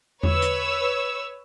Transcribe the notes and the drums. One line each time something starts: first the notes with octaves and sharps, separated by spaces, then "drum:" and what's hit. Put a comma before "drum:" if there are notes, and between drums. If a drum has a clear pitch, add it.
B4 C#5 E6, drum: tom E2
drum: hi-hat